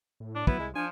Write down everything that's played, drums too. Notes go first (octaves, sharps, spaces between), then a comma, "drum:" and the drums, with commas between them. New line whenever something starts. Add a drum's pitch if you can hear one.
A2
D4
F#3 B3 E4, drum: kick
C2 G#3
F3 D4 G#5